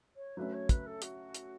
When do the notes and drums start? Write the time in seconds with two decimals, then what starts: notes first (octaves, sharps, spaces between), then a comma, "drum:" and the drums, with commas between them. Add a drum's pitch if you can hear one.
0.16 C#5
0.37 F#3 A3 C#4 B4
0.53 C#5
0.69 B4, drum: kick, hi-hat
0.86 A4
1.02 F#4, drum: hi-hat
1.34 drum: hi-hat